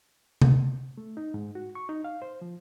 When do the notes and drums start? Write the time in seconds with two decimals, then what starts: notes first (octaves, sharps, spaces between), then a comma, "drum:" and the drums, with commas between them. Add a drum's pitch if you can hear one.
0.42 drum: tom C3
0.98 A3
1.17 D#4
1.34 G#2
1.55 F#4
1.75 C#6
1.89 D#4
2.04 F5
2.22 C5
2.42 F3